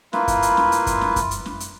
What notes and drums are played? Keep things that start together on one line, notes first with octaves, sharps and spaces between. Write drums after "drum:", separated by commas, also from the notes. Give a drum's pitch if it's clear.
A#3 E4 F4 B4, drum: snare
drum: kick F#2, hi-hat
drum: hi-hat
drum: snare
drum: hi-hat
drum: kick F#2, hi-hat
drum: snare
drum: kick F#2, hi-hat
drum: hi-hat
drum: snare
drum: hi-hat